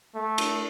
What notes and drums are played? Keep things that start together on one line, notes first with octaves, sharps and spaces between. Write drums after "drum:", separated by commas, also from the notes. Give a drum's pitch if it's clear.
A3
drum: cymbal